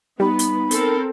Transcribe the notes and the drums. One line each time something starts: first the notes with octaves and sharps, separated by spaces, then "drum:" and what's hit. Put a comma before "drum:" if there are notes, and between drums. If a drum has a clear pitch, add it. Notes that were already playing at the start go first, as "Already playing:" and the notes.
G3 B3 D#4 B5
drum: hi-hat
C4 A4 A#4, drum: hi-hat